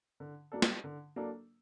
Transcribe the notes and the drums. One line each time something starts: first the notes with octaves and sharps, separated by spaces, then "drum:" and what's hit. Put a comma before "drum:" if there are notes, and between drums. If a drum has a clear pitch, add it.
D3
F#3 A#3 D4 A4
drum: snare
D3
F#3 A#3 D4 A4